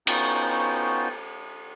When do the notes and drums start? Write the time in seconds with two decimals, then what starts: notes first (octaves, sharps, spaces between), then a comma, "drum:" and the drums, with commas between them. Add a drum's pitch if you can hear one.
0.07 B3 C#4 D#4 F4 F#4 G5, drum: cymbal